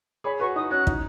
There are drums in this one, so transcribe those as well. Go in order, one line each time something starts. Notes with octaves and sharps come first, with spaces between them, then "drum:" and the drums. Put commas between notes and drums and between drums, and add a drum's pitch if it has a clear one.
G#4 C#5 B5
F#4 B4 C#6
D#4 D#6
C#4 F#4 F#6
D#4, drum: kick